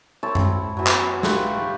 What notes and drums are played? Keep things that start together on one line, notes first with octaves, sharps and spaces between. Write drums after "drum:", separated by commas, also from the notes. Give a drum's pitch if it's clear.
C4 E4 C#5 A5
drum: tom F#2
E3 F#3
drum: clap
A3 F4 G4 B4, drum: snare